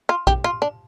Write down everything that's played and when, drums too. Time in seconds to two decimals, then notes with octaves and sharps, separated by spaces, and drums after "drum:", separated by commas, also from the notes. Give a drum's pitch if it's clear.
0.09 F4
0.27 G4, drum: kick A#1
0.44 F4
0.62 D4